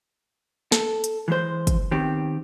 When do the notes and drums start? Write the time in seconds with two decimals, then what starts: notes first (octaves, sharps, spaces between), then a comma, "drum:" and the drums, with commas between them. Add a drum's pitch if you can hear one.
0.72 A4, drum: snare
1.04 drum: hi-hat
1.28 E3 G#3 C5
1.67 drum: kick, hi-hat
1.91 D#3 B3 C4 G4